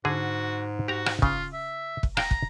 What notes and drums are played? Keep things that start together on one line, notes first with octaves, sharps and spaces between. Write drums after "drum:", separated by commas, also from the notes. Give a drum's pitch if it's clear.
G#2 D3 F#4 G#4
F#4 G4 A#5
drum: rim click
C#3 F4, drum: kick
E5
drum: kick
F5 G5 A#5, drum: rim click
drum: kick